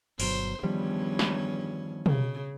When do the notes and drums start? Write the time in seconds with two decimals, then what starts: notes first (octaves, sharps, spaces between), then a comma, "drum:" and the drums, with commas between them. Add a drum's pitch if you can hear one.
0.20 G1 B2 F#3 C5, drum: open hi-hat
0.63 E2 G2 D#3 F3 G3 C#4
1.19 drum: snare
2.06 C#3, drum: tom